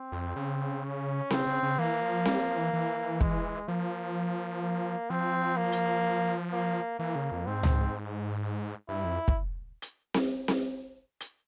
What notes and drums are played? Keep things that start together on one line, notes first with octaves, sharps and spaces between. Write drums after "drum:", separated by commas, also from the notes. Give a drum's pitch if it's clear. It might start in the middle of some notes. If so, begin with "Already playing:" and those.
Already playing: C4
F2
C#3
C#4
C#3 C4, drum: snare C4
C#3
C#3
E3 A#3
F3
G3, drum: snare C4
F3
E3
E3
G#3, drum: kick
F3 A#3
A#3
F3 C4
A#3
drum: hi-hat
A#3
E3 A#3
C#3
F2
G#2 C4
drum: tom C#2
G2 E4
F2
drum: kick
drum: hi-hat
drum: snare C4
drum: snare C4
drum: hi-hat